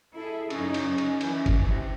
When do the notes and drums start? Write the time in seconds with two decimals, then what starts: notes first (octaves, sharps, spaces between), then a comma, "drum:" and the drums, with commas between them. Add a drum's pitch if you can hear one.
0.16 E4 G#4 A4
0.50 F#2 C#3 C#4 D#4, drum: cymbal
0.74 drum: cymbal
0.98 drum: cymbal
1.21 E3, drum: cymbal
1.46 drum: kick, cymbal
1.63 C3